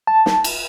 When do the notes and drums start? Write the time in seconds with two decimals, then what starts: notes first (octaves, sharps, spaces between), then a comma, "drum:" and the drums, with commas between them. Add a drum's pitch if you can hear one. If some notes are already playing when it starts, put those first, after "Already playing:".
0.07 A5
0.26 drum: snare
0.44 drum: cymbal